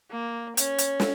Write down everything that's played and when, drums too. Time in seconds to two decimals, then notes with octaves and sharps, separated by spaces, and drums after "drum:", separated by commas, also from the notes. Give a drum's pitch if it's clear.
0.11 A#3
0.57 C#4, drum: hi-hat
0.78 drum: hi-hat
1.00 drum: snare